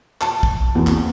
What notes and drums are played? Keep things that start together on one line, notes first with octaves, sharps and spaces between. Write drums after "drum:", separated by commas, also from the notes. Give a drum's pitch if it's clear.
A5, drum: clap
drum: kick
E2 A#3 C4 F#4
drum: clap